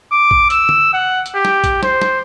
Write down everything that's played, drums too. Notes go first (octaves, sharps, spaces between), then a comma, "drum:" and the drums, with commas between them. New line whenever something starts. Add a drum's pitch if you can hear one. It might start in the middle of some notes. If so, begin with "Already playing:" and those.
D6
drum: kick A#1
E6, drum: hi-hat
drum: tom
F#5
drum: hi-hat
G4
drum: snare
drum: kick A#1, hi-hat
C5, drum: snare
drum: snare